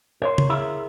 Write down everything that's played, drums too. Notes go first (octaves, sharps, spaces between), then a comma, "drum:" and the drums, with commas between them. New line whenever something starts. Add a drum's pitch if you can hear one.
A#4 C#5 C6
drum: tom
E4 G#4 A#4 E5 F5 B5